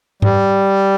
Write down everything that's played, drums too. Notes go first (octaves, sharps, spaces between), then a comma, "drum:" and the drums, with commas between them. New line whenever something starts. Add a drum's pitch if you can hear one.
G3, drum: tom G#2